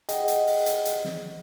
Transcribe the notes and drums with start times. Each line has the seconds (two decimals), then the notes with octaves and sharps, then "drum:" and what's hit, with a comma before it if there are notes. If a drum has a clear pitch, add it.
0.09 G#4 D#5 F#5 G5, drum: hi-hat
0.28 drum: hi-hat
0.47 drum: open hi-hat
0.66 drum: hi-hat
0.85 drum: hi-hat
1.04 drum: snare